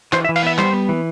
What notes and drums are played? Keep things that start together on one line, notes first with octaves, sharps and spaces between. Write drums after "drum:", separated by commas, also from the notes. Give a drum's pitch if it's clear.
E3 C5, drum: clap
E5
E3
F5, drum: open hi-hat
B3 E5
G3 C5, drum: clap
B3
E3